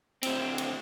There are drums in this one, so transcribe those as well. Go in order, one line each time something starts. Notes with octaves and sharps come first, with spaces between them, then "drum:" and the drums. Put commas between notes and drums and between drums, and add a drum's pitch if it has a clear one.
D2 C4, drum: cymbal
drum: cymbal